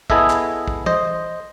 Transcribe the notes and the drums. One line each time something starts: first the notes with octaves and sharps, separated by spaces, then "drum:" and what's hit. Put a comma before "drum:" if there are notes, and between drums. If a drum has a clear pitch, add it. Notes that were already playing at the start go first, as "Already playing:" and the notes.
B3 E4 G#4 A4 D#5 E5, drum: kick
drum: clap
drum: kick
C5 D#5, drum: tom E3